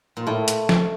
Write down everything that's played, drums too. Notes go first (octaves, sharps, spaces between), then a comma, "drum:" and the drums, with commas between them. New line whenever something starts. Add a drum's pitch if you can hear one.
A#2
A2 A3
drum: hi-hat
drum: snare